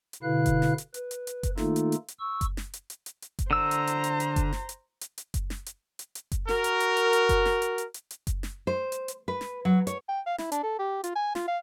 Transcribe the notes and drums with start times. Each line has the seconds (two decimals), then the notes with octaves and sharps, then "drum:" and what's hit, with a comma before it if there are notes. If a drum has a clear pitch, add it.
0.13 drum: hi-hat
0.23 B2 D3 E4 B4 F5 F#6
0.46 drum: kick F#1, hi-hat
0.62 drum: snare
0.78 drum: hi-hat
0.94 B4, drum: hi-hat
1.11 drum: hi-hat
1.27 drum: hi-hat
1.43 drum: kick F#1, hi-hat
1.57 D#3 A3 A#3 D#4 F4 A4, drum: snare
1.76 drum: hi-hat
1.92 drum: hi-hat
2.08 drum: hi-hat
2.19 C#6 E6
2.41 drum: kick F#1, hi-hat
2.57 drum: snare
2.73 drum: hi-hat
2.90 drum: hi-hat
3.06 drum: hi-hat
3.22 drum: hi-hat
3.39 drum: kick F#1, hi-hat
3.51 D3 C5 A#5 E6
3.71 drum: hi-hat
3.87 drum: hi-hat
4.04 drum: hi-hat
4.20 drum: hi-hat
4.36 drum: kick F#1, hi-hat
4.53 drum: snare
4.69 drum: hi-hat
5.01 drum: hi-hat
5.18 drum: hi-hat
5.34 drum: kick F#1, hi-hat
5.50 drum: snare
5.66 drum: hi-hat
5.99 drum: hi-hat
6.15 drum: hi-hat
6.32 drum: kick F#1, hi-hat
6.49 F#4 A#4, drum: snare
6.64 drum: hi-hat
6.80 drum: hi-hat
6.97 drum: hi-hat
7.13 drum: hi-hat
7.29 drum: kick F#1, hi-hat
7.45 drum: snare
7.62 drum: hi-hat
7.78 drum: hi-hat
7.94 drum: hi-hat
8.11 drum: hi-hat
8.27 drum: kick F#1, hi-hat
8.43 drum: snare
8.67 C5
8.92 drum: hi-hat
9.08 drum: hi-hat
9.28 B4
9.41 drum: snare
9.65 F#3
9.87 C#5, drum: hi-hat
10.09 G5
10.27 F5
10.38 E4, drum: snare
10.52 D4, drum: hi-hat
10.63 A4
10.79 G4
11.04 F4, drum: hi-hat
11.16 G#5
11.35 F4, drum: snare
11.48 F5